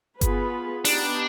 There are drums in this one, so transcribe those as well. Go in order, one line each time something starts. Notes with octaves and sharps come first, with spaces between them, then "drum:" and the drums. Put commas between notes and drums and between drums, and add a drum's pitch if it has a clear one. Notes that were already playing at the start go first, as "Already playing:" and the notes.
B3 F4 G#4 B4, drum: kick G1, hi-hat
B3 D4 D#4 G4, drum: open hi-hat